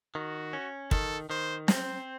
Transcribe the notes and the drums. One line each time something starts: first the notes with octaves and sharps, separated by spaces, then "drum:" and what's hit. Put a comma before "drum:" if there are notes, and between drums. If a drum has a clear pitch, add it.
D#3 F#4
C#4
D#3 A4, drum: kick
D#3 C5
C4 C5, drum: snare